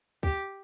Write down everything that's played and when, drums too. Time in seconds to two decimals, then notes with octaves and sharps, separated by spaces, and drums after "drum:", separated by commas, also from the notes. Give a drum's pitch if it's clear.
0.23 G4, drum: kick